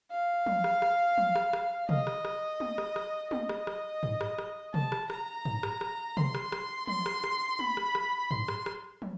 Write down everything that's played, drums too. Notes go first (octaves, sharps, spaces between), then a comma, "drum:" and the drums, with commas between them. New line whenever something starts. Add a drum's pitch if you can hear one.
F5
drum: tom
drum: rim click
drum: rim click
drum: tom
drum: rim click
drum: rim click
D#5, drum: tom
drum: rim click
drum: rim click
drum: tom
drum: rim click
drum: rim click
D#5, drum: tom
drum: rim click
drum: rim click
drum: tom
drum: rim click
drum: rim click
A5, drum: tom
drum: rim click
A#5, drum: rim click
drum: tom
drum: rim click
drum: rim click
C6, drum: tom
drum: rim click
drum: rim click
C6, drum: tom
drum: rim click
drum: rim click
B5, drum: tom
drum: rim click
drum: rim click
C6, drum: tom
drum: rim click
drum: rim click
drum: tom